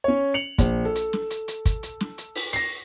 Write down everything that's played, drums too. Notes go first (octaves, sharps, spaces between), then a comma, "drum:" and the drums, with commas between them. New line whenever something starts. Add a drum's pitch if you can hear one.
C#4 C#5
C#7 F7 F#7
A#1, drum: kick, hi-hat
A4
drum: hi-hat
drum: snare
drum: hi-hat
drum: hi-hat
drum: kick, hi-hat
drum: hi-hat
drum: snare
drum: hi-hat
drum: open hi-hat
A#6 C7, drum: hi-hat